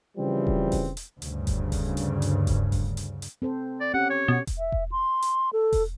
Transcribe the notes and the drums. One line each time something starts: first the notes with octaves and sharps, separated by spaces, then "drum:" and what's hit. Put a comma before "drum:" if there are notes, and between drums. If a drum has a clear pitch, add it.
C#3 E3 F3 G3 C4
drum: kick E1
drum: kick E1, open hi-hat
drum: hi-hat
D2 G2 C#3, drum: hi-hat
drum: kick E1, hi-hat
drum: kick E1, open hi-hat
drum: hi-hat
drum: hi-hat
drum: kick E1, hi-hat
drum: kick E1, open hi-hat
drum: hi-hat
drum: hi-hat
C4 A4 C5
D5
C#4 G4 F#5
C#5
B2
drum: kick E1, hi-hat
E5
drum: kick E1
C6
drum: hi-hat
A4
drum: kick E1, open hi-hat